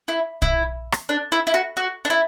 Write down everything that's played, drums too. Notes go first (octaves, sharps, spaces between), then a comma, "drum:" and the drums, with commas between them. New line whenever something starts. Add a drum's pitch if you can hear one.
E4
E4, drum: kick B1
drum: rim click
D4
E4
E4
F#4
F#4
D4
E4